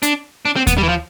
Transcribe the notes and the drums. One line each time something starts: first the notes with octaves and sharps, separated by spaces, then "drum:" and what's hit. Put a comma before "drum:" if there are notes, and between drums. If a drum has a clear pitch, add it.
D4, drum: hi-hat
D4
C4
B3, drum: kick D#2, hi-hat
G3
E3
F3